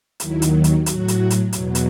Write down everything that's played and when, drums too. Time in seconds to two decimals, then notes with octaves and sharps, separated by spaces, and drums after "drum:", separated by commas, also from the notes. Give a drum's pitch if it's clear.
0.20 D#2 D#3 F#3 E4, drum: hi-hat
0.42 drum: hi-hat
0.64 drum: hi-hat
0.86 A2 F#3 F#4, drum: hi-hat
1.08 drum: hi-hat
1.30 drum: hi-hat
1.53 E2 B2 F#3, drum: hi-hat
1.75 drum: hi-hat